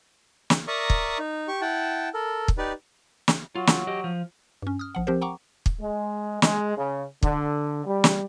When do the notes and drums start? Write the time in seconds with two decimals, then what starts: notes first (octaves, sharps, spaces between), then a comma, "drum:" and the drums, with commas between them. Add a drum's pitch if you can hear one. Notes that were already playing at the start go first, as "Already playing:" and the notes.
0.50 drum: snare
0.67 A#4 D5 E5 A#5 C#6 D#6
0.90 drum: kick
1.19 D#4
1.48 G4 C#6
1.61 E4 F#5 G5 A5
2.14 A4 A#4
2.48 drum: kick
2.58 D#4 G4 B4 D5
3.28 drum: snare
3.55 F#3 F4
3.67 drum: snare
3.87 G4 D#5
4.04 F3
4.62 G2 C#4
4.79 D#6 F6
4.95 A#1 F3 F#5
5.07 F3 C4 G4 A#4 C5
5.21 F#5 G5 A#5 C#6 D6
5.66 drum: kick
5.81 G#3
6.42 G#3, drum: snare
6.77 C#3
7.23 D3, drum: kick
7.86 G3
8.04 drum: snare